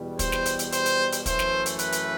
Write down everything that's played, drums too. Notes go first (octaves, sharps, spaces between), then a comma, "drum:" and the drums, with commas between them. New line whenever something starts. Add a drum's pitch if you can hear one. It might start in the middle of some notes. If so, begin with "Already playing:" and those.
Already playing: E2 B2 G3
C5, drum: kick, hi-hat
drum: snare
drum: hi-hat
drum: hi-hat
C5, drum: hi-hat
drum: hi-hat
drum: hi-hat
F#2 E3 A3 C5, drum: kick, hi-hat
drum: snare
drum: hi-hat
B4, drum: hi-hat
drum: hi-hat